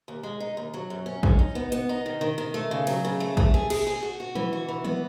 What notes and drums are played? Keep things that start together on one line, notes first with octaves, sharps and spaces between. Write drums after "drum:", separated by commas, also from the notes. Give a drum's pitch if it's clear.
D#2
G#3
D#4
D#2
F#3
F#2
C#4
C#4, drum: kick
D#4
B3
B3, drum: hi-hat
D#4
D#3
D#3
D#3
A3
C#3
F#3, drum: cymbal
C#3
A3
A3, drum: kick
G#4
G#4, drum: cymbal
G#4
F#4
F#4
E3, drum: tom D#3
F#4
E3
B3, drum: tom D#3